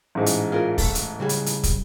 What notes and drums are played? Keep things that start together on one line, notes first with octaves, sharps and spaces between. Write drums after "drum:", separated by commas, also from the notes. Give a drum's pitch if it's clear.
A1 G#2
drum: hi-hat
F4 G#4 A#4
A3 A4, drum: kick, open hi-hat
drum: hi-hat
C#3 G3 G#4
drum: hi-hat
drum: hi-hat
drum: kick, hi-hat